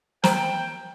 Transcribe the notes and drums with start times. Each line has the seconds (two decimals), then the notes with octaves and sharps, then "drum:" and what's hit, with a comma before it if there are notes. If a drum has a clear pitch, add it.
0.24 C5 G5 A#5, drum: snare